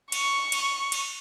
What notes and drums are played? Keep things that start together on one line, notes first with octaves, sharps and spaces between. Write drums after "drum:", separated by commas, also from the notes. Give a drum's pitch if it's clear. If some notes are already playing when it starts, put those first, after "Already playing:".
C#6, drum: cymbal
drum: cymbal
drum: cymbal